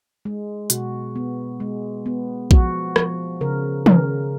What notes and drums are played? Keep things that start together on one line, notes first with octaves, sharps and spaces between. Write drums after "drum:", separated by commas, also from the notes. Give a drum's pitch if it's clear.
G#3
B2 F#4, drum: hi-hat
B3
G#3
B3
F3 F#4, drum: kick A#1
F3, drum: rim click
C#3 A#4
C#3 A#4, drum: tom